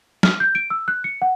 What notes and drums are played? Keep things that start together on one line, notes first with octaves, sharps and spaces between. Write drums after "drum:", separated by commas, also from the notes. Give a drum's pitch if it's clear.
F6, drum: snare
G6
D7
E6
F#6
C#7
F#5